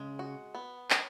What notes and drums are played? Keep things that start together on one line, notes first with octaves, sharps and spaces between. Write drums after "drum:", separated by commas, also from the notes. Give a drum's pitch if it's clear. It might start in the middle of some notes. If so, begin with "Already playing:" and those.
Already playing: C#3 G#3
F#4
B3
C#5, drum: clap